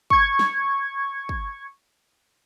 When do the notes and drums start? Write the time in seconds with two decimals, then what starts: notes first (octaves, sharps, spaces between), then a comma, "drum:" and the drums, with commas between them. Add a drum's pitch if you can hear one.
0.10 C#6 G#6, drum: kick
0.39 drum: snare
1.29 drum: kick